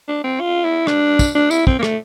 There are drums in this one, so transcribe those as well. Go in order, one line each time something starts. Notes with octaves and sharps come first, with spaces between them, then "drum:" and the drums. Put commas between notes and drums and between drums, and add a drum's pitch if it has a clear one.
D4
C4
F4
E4
D4, drum: rim click
drum: kick, tambourine
D4
E4, drum: tambourine
C4, drum: kick
A#3
A3, drum: rim click